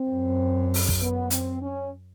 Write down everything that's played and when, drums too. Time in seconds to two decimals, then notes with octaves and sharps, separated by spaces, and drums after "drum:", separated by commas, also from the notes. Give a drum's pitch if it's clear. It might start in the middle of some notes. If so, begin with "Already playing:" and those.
Already playing: C4
0.08 F#2
0.74 drum: open hi-hat
0.89 drum: kick
1.01 B3
1.30 C4, drum: hi-hat
1.62 C#4